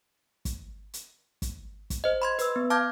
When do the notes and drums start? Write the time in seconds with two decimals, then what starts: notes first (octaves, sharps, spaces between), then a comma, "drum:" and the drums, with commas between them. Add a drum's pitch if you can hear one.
0.45 drum: kick, hi-hat
0.94 drum: hi-hat
1.42 drum: kick, hi-hat
1.90 drum: kick, hi-hat
2.04 C5 D#5
2.22 B5 C6 G#6
2.39 B4 E6, drum: hi-hat
2.56 B3
2.70 F5 A5 D6 F6 G6 G#6